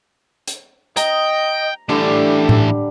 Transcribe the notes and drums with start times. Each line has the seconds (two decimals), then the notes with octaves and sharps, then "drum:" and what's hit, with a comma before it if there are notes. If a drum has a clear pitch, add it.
0.48 drum: hi-hat
0.97 D#5 G5 A#5, drum: hi-hat
1.89 D3 E3 G3 A3 G4 A4
2.49 drum: tom A2